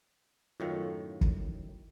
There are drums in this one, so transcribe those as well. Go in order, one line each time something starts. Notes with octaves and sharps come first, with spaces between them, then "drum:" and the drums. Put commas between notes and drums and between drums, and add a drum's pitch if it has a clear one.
F#2 A2 D#3 F4 A4 C#5
drum: kick